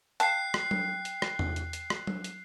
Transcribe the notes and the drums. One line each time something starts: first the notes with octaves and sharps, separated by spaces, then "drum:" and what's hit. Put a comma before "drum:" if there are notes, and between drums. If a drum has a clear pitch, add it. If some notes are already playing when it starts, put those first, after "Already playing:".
F5 G5 A5 F#6 C7, drum: hi-hat
drum: rim click
drum: tom F#3
drum: hi-hat
drum: rim click
drum: tom E2
drum: hi-hat
drum: hi-hat
drum: rim click
drum: tom F#3
drum: hi-hat